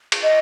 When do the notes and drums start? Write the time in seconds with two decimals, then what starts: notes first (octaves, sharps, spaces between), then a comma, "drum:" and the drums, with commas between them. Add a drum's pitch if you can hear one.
0.12 drum: cymbal
0.23 D#5